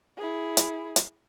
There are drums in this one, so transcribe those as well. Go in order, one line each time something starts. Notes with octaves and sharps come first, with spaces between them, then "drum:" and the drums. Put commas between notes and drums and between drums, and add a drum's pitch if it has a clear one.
E4 G#4
drum: hi-hat
drum: hi-hat